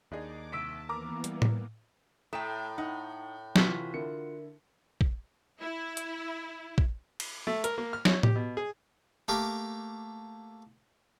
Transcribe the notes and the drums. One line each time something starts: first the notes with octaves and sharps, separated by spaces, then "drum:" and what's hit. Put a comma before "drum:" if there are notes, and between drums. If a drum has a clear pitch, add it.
D#2 D4 D#4 G#4 D6
C2 A5 E6 B6 D7
E3 A#3 B3 A#4 A#5 D6
G3, drum: hi-hat
drum: tom A2
A2 A3 G5 A#5 D#6 B6 E7
D#4 F#5
C3 E3 F4 F#4 C#6 B6, drum: snare
D3 E4 A#4 C#7
drum: kick
E4
drum: hi-hat
drum: kick
drum: cymbal
A3
A#4, drum: hi-hat
A#3
F6
C#5, drum: snare
G4, drum: tom A2
B2
G#4
A3 A#3 G4